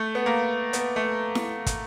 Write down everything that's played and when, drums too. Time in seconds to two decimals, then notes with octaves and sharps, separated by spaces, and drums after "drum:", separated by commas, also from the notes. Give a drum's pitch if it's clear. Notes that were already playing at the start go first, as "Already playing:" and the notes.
Already playing: A3
0.15 B3
0.26 A#3
0.73 B3, drum: hi-hat
0.96 A3
1.35 drum: snare E4
1.67 drum: kick, hi-hat